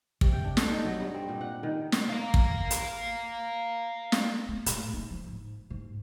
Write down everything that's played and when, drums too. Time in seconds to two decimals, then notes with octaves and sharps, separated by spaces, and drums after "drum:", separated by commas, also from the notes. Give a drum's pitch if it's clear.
0.21 C3, drum: kick
0.33 G5
0.44 D4
0.57 A4, drum: snare
0.69 D#4
0.85 F#3
1.00 G2
1.14 C4
1.29 A#2
1.41 F#5
1.63 D#3
1.92 drum: snare
2.09 F5 A#5
2.34 drum: kick
2.71 drum: hi-hat
4.12 drum: snare
4.49 A3
4.66 A#2, drum: hi-hat
4.94 D#4
5.10 F3
5.28 G#2
5.70 G#2